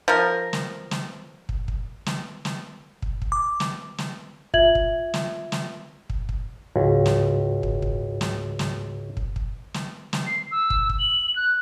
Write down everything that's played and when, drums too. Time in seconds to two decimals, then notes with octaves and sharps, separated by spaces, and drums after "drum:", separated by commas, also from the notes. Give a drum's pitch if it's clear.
0.08 F3 A#4
0.53 drum: snare
0.91 drum: snare
1.49 drum: kick
1.68 drum: kick
2.06 drum: snare
2.45 drum: snare
3.02 drum: kick
3.22 drum: kick
3.32 D6
3.60 drum: snare
3.98 drum: snare
4.54 F4 E5 G#6 F#7, drum: kick
4.75 drum: kick
5.14 drum: snare
5.52 drum: snare
6.10 drum: kick
6.29 drum: kick
6.76 C#2 G#2 F#4
7.06 drum: snare
7.63 drum: kick
7.82 drum: kick
8.21 drum: snare
8.59 drum: snare
9.17 drum: kick
9.36 drum: kick
9.74 drum: snare
10.13 drum: snare
10.26 C7
10.51 E6
10.70 drum: kick
10.90 drum: kick
10.99 F#7
11.36 F#6